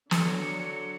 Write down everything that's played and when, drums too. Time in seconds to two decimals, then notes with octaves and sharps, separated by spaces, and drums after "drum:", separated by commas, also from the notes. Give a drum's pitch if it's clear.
0.11 D3 F#3 D4 C#5 C#7, drum: snare